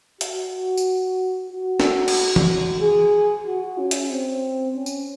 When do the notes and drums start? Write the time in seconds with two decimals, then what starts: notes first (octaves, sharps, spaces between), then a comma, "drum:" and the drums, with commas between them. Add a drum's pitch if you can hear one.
0.21 F#4, drum: hi-hat
0.77 drum: tambourine
1.50 F#4
1.80 drum: snare
2.08 drum: cymbal
2.36 drum: tom E3
2.80 G#4
3.46 F#4
3.78 C#4
3.91 drum: hi-hat
4.10 C4
4.75 C#4
4.86 drum: tambourine